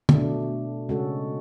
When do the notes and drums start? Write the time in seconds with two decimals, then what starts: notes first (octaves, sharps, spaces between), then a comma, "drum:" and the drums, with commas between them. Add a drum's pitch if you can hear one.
0.09 B2 A3 D4, drum: tom
0.89 C#3 G#3 C#4 F#4 A4